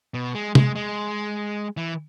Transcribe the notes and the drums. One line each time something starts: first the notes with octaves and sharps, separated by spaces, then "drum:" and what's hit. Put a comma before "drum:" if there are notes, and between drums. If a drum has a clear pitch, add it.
B2
G#3
G#3, drum: tom
G#3
E3